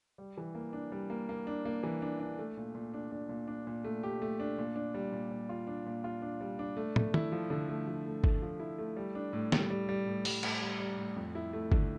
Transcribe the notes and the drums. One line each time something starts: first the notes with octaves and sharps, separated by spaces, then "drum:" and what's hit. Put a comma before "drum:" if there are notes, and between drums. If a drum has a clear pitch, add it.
G3
E3
A#3
D4
G3
A#3
A#3
D4
A#3
E3
D4
D4
A3
A#2
A#2
D4
D4
A#2
D4
A#2
A3
G4
A3
D4
A#2
D4
G3
A#2
A#2
F4
D4
A#2
F4
D4
G3
D4
A3
A3, drum: tom
E4, drum: tom D#3
F3
D3
A3
F3
A3
A3, drum: kick G1
F3
E4
A3
G3
D4
A2
G3, drum: snare
G3
G3
A2
G3, drum: open hi-hat
A2, drum: cymbal
G3
G3
A2
F2
E4
A3
D3, drum: kick G1